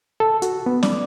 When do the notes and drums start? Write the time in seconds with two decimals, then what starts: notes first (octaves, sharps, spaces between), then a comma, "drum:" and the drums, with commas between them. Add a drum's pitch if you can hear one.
0.20 A4
0.42 F#4, drum: hi-hat
0.66 B3
0.83 D5, drum: snare C#4